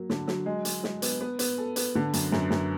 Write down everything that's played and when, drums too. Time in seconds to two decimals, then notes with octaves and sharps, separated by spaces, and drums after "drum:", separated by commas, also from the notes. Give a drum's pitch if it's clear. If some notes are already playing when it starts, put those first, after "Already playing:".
Already playing: F#3 A#3
0.10 D3, drum: snare
0.27 F#3, drum: snare
0.46 G#3
0.65 G#3, drum: hi-hat
0.84 G#3, drum: snare
1.02 B3, drum: hi-hat
1.21 B3
1.39 B3, drum: hi-hat
1.58 A4
1.76 B3, drum: hi-hat
1.95 D3
2.13 F#2, drum: hi-hat
2.32 F#2, drum: snare
2.50 F#2, drum: snare